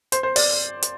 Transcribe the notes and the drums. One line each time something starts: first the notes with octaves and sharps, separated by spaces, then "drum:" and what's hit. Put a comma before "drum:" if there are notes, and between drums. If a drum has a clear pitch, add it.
C5, drum: hi-hat
C5
D5, drum: open hi-hat
drum: hi-hat